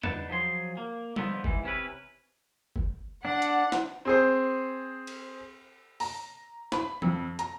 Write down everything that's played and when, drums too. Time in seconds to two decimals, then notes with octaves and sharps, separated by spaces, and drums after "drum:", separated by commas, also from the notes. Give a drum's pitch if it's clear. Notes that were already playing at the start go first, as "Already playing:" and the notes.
0.03 D4 D#4 B4 F#5 A5, drum: tom E2
0.28 F3 F#3 G#4 C6
0.77 A#3
1.16 D3 F3 B3 D#4, drum: tom G3
1.44 G#2 E3, drum: kick F#1
1.64 C3 C#4 E4 B4
2.76 drum: kick F#1
3.25 D4 F#5
3.42 drum: hi-hat
3.72 drum: snare
4.05 C4 G#4 C5
5.07 drum: cymbal
6.00 A#5, drum: open hi-hat
6.72 B5, drum: snare
7.02 F2, drum: tom E3
7.39 A#5, drum: hi-hat